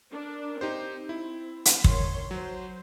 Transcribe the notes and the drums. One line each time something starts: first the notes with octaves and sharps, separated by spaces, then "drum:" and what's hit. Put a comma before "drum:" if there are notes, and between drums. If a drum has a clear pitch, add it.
D4 A#4
C4 D#4 G4 C5
E4
drum: hi-hat
D#3 C#5 C6, drum: kick
F#3 C5